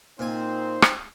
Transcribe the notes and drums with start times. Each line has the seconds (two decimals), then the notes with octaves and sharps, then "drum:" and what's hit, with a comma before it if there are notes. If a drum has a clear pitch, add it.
0.19 A#2 C4 D#4 C5 G#5
0.82 drum: rim click